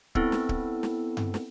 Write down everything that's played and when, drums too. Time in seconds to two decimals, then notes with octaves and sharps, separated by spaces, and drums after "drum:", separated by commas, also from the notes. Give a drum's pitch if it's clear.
0.15 B3 C4 E4 A4, drum: kick D1
0.32 drum: snare
0.49 drum: kick D1
0.83 drum: snare
1.17 drum: tom G2
1.34 drum: snare